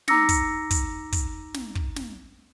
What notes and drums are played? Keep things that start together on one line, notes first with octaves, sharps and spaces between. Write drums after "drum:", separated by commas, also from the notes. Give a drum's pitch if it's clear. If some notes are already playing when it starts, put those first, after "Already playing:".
D#4 A#5 D6 E6 A#6 C#7, drum: snare
drum: kick, hi-hat
drum: kick, hi-hat
drum: kick, hi-hat
drum: snare
drum: kick
drum: snare